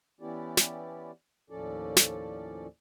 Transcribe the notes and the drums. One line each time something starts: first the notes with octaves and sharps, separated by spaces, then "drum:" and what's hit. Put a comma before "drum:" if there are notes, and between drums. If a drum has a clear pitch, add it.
E3 B3 C#4 E4 G4 D5
drum: snare
D#2 A2 F3 C#4 A4 D5
drum: snare